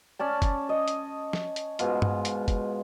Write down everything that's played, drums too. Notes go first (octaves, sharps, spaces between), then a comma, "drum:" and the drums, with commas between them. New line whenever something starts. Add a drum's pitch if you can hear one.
C#4 D5 A5
drum: kick, hi-hat
C#5 D#5
drum: hi-hat
drum: snare F3
drum: hi-hat
G#2 B2 F4, drum: hi-hat
drum: tom G2
drum: hi-hat
drum: kick, hi-hat